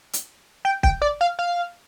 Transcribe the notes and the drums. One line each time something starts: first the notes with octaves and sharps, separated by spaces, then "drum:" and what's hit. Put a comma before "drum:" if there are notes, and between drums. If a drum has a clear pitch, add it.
drum: hi-hat
G5
G5, drum: kick
D5
F5
F5